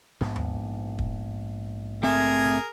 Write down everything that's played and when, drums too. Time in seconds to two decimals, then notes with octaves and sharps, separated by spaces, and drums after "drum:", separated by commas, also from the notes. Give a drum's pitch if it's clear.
0.21 A#1 G#2 B3, drum: snare
0.36 drum: tom D#2
0.99 drum: kick
2.03 A3 C4 G#4 A#4 E5 G#5
2.45 drum: snare